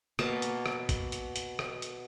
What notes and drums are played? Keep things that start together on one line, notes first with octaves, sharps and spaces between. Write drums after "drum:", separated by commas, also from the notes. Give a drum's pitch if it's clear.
B2 A#3 A5 A#5, drum: rim click
drum: hi-hat
drum: rim click
drum: kick, hi-hat
drum: hi-hat
drum: hi-hat
drum: rim click
drum: hi-hat